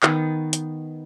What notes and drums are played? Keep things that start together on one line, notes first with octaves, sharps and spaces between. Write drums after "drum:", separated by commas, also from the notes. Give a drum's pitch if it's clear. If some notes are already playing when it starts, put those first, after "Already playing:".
D#3 B3, drum: clap
drum: hi-hat